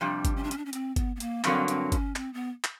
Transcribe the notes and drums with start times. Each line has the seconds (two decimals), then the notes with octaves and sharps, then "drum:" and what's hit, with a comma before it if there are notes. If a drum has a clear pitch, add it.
0.01 F2 C3 G3 D4
0.25 drum: kick G1, hi-hat
0.36 C#4
0.44 D4
0.51 C#4, drum: hi-hat
0.58 D4
0.65 C#4
0.73 C4, drum: hi-hat
0.96 B3, drum: kick G1, hi-hat
1.16 B3
1.20 A#3, drum: hi-hat
1.44 G2 D3 F#3 A#3 C4, drum: clap
1.68 C4, drum: hi-hat
1.92 C#4, drum: kick G1, hi-hat
2.16 C4, drum: clap
2.34 B3
2.64 drum: clap